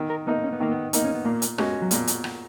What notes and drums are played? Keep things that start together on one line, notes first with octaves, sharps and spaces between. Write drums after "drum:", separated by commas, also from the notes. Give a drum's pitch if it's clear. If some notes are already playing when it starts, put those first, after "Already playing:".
Already playing: D#3
A#4
A#3 B3 D#4
C#4
B3
D#3 A#3
B3
A#3 D#4, drum: hi-hat
C#4
B3
A#2 A#3
drum: hi-hat
G#3 C#4 F#4, drum: rim click
F#3
A#2 G#3, drum: hi-hat
drum: hi-hat
drum: rim click